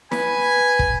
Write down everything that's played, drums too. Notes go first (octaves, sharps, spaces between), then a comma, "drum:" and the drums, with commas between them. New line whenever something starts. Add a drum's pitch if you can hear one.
B4 G#5, drum: snare
drum: kick